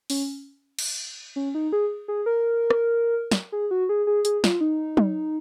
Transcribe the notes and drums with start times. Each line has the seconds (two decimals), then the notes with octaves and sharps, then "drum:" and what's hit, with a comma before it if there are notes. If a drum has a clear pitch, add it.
0.10 C#4, drum: open hi-hat
0.79 drum: cymbal
1.36 C#4
1.55 D#4
1.73 G#4
2.08 G#4
2.26 A#4
2.70 drum: rim click
3.31 drum: snare
3.52 G#4
3.71 F#4
3.89 G#4
4.07 G#4
4.25 G#4, drum: hi-hat
4.44 F4, drum: snare
4.61 D#4
4.97 drum: tom F#3